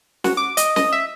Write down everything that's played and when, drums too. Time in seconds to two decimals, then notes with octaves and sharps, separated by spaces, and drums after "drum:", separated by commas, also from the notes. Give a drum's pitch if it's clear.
0.24 F#4, drum: snare
0.37 D6
0.57 D#5, drum: hi-hat
0.76 D#5, drum: snare
0.92 E5